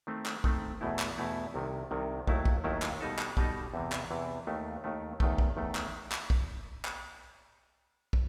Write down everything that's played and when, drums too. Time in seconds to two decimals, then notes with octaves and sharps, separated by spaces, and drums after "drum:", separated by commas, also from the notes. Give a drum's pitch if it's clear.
0.07 D#3 A3 C4
0.26 drum: clap
0.44 D#3 A3 C4, drum: kick
0.81 E2 B2 A3 E4
0.99 drum: clap
1.18 E2 B2 A3 E4
1.54 C2 C3 D#3
1.91 C2 C3 D#3
2.27 D#2 D#3 F#3 A3 E4, drum: kick
2.45 drum: kick
2.64 D#2 D#3 F#3 A3 E4
2.82 drum: clap
3.01 B2 G3 D#4 A4
3.19 drum: clap
3.37 B2 G3 D#4 A4, drum: kick
3.74 E2 C3 E3
3.92 drum: clap
4.10 E2 C3 E3
4.47 D#2 D#3 A3
4.84 D#2 D#3 A3
5.20 E2 D#3 A3, drum: kick
5.38 drum: kick
5.57 E2 D#3 A3
5.75 drum: clap
6.12 drum: clap
6.30 drum: kick
6.85 drum: clap
8.13 drum: kick